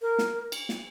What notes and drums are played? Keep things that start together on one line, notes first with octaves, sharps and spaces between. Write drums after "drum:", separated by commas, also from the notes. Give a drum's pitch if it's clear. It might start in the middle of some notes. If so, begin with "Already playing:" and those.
A#4
drum: snare
drum: cymbal
drum: snare